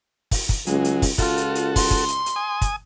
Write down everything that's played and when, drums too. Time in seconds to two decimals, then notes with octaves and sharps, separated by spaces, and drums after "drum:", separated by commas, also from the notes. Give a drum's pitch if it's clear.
0.31 drum: kick, open hi-hat
0.49 drum: kick, hi-hat
0.67 C#2 F#3 G#3, drum: hi-hat
0.84 drum: hi-hat
1.02 drum: kick, open hi-hat
1.18 C#2 F4 F#4 A4, drum: kick, hi-hat
1.38 drum: hi-hat
1.55 drum: hi-hat
1.76 C6, drum: kick, open hi-hat
1.91 drum: kick, hi-hat
2.08 drum: hi-hat
2.26 drum: hi-hat
2.36 G#5 D#6
2.62 drum: kick, hi-hat